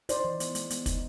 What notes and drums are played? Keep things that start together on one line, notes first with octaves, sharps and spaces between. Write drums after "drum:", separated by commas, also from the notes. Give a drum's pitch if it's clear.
D#4 C5 D5, drum: hi-hat
E3
B3, drum: hi-hat
G#3, drum: hi-hat
B3, drum: hi-hat
D#4, drum: kick, hi-hat